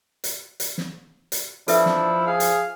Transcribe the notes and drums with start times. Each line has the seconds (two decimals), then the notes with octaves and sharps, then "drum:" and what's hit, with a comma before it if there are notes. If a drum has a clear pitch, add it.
0.24 drum: hi-hat
0.60 drum: hi-hat
0.78 drum: snare
1.32 drum: hi-hat
1.68 F3 D4 E4 A4 B4 E5, drum: hi-hat
1.86 drum: snare
2.27 G#4 F5
2.40 drum: hi-hat